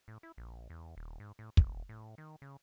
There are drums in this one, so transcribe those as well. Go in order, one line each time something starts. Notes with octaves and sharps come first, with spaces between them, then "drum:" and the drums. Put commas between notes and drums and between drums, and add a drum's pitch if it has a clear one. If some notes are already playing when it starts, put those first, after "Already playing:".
A2
E4
A#1
E2
D#1
G#2
A2
D#1, drum: kick
A2
D#3
C#3